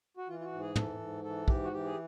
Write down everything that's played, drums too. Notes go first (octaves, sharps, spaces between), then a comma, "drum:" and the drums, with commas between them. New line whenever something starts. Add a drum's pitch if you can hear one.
F#4
E3 F4
F4
F#4
G#2
G#4
E3 A4, drum: tom
G#2
E3 A4
G#2 G4, drum: kick
F#4
E3 G4
G#4